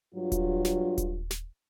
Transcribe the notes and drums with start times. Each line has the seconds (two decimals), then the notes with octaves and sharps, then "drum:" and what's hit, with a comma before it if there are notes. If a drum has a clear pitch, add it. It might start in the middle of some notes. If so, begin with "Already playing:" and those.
0.15 G2 F#3 F4
0.32 drum: kick D#1, hi-hat
0.65 drum: snare
0.98 drum: kick D#1, hi-hat
1.31 drum: snare